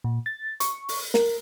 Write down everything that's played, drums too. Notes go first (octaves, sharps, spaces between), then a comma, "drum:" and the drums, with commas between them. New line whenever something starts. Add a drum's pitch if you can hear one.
A#2
A6
C#6, drum: hi-hat
drum: open hi-hat
A#4, drum: snare